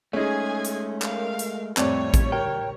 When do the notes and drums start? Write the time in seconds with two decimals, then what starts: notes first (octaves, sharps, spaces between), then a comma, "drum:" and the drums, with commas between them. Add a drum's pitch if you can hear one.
0.13 G#3 A3 C#4 D#4 G#4 G#5
0.65 drum: hi-hat
1.02 A#4 F5, drum: clap
1.39 drum: hi-hat
1.77 F2 A2 G3 C4 C#5 D5, drum: clap
2.14 drum: kick A1, hi-hat
2.32 A#4 G5